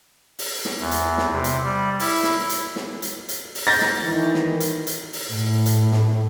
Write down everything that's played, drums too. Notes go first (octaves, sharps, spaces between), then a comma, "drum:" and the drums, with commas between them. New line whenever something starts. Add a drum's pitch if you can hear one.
drum: open hi-hat
drum: snare
E2
drum: hi-hat
drum: snare
C3
drum: hi-hat
G3
E4, drum: open hi-hat
drum: snare
drum: hi-hat
drum: snare
drum: hi-hat
drum: hi-hat
drum: open hi-hat
G6 A6 A#6
drum: snare
D#3 E3
drum: snare
drum: hi-hat
drum: hi-hat
drum: open hi-hat
A2
drum: hi-hat
drum: snare